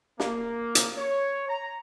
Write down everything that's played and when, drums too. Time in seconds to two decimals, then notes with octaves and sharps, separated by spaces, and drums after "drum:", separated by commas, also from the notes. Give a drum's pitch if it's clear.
0.20 A#3, drum: snare
0.75 drum: hi-hat
0.98 C#5
1.49 A#5